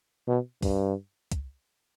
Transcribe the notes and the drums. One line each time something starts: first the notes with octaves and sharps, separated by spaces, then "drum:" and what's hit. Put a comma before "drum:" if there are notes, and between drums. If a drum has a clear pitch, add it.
B2
G2, drum: kick, open hi-hat
drum: kick, hi-hat